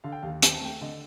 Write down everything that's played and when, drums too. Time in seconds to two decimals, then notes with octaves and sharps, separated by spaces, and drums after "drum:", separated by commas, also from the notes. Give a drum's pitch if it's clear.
0.04 D3 F5
0.12 G5
0.23 D#2 F5
0.42 C4 G5, drum: hi-hat
0.54 A5
0.62 A3 G5
0.81 D3 D#5